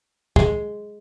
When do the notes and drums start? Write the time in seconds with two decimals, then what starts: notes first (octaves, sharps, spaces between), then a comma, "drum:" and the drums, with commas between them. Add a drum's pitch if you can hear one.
0.36 G#3, drum: kick